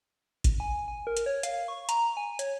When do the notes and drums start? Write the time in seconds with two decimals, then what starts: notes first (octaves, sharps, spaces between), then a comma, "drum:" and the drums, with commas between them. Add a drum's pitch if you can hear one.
0.44 drum: kick G#1, hi-hat
0.60 G#5
0.88 G#5
1.07 A#4
1.17 drum: hi-hat
1.26 C#5
1.43 F5, drum: hi-hat
1.68 C#6
1.89 A#5, drum: hi-hat
2.17 G#5
2.39 C#5, drum: hi-hat